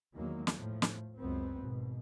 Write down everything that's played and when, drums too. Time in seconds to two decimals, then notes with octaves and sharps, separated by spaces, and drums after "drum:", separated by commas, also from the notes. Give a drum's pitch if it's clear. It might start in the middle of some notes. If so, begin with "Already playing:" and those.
0.15 E2 D#3 F#3 G#3 A#3
0.47 drum: snare
0.56 A2 F3
0.82 drum: snare
1.17 C#2 F#2 B3 C4
1.58 G#1 B2